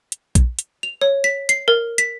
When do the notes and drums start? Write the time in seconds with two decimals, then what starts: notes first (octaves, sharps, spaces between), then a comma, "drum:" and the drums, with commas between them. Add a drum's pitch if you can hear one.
0.12 drum: hi-hat
0.35 drum: kick A#1, hi-hat
0.59 drum: hi-hat
0.83 F7
1.01 C#5
1.24 B6
1.49 C7, drum: hi-hat
1.68 A#4
1.98 B6, drum: hi-hat